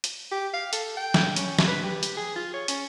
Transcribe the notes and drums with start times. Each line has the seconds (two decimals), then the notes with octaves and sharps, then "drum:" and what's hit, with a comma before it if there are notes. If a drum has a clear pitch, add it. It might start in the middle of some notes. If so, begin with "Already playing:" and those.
0.04 drum: hi-hat
0.32 G4
0.54 F5
0.73 A4, drum: hi-hat
0.97 G5
1.14 drum: snare
1.36 C#4, drum: hi-hat
1.59 drum: snare
1.68 B4
1.84 G4
2.03 drum: hi-hat
2.17 G#4
2.36 F4
2.54 C#5
2.68 C#4, drum: hi-hat